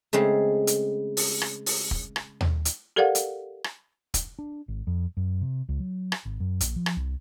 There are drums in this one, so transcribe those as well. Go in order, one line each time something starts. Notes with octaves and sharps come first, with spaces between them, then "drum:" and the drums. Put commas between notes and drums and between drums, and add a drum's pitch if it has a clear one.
C#3 G#3 A3 C4
drum: hi-hat
drum: open hi-hat
drum: rim click
drum: open hi-hat
drum: kick
drum: rim click
drum: tom D#2
drum: hi-hat
G4 A4 A#4 D5 F5 F#5
drum: hi-hat
drum: rim click
drum: kick, hi-hat
D4
G#1
F2
F#2
C3
C#2
F#3
drum: rim click
G#1
F#2
A#1, drum: hi-hat
F3
drum: rim click
C2